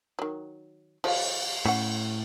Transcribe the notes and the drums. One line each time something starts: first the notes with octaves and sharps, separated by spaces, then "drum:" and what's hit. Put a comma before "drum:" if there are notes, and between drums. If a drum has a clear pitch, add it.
D#3 F#3
F3 C5 D#5 F5, drum: cymbal
A2 C#4 F#5